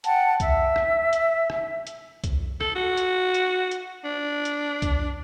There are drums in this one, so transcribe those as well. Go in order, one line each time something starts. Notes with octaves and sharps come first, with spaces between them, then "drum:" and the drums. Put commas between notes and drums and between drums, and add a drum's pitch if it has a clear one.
F#5 G5 A5, drum: hi-hat
E5, drum: kick B1, hi-hat
drum: rim click
drum: hi-hat
drum: rim click
drum: hi-hat
drum: kick B1, hi-hat
A4, drum: rim click
F#4
drum: hi-hat
drum: hi-hat
drum: hi-hat
D4
drum: hi-hat
drum: kick B1, hi-hat